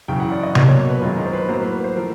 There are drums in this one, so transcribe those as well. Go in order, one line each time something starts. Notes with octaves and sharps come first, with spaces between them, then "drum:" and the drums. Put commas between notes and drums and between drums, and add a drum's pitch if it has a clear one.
F#2 C#3 E3 G5
F#5
D5
D#5
B2 F#3 A#3 D5, drum: tom C3
C#5
B4
F#2 D#3 G#3 F4
F4
C5
B4
A2 F#3 A#3 C5
B4
B4
C5
F3 A3 A#4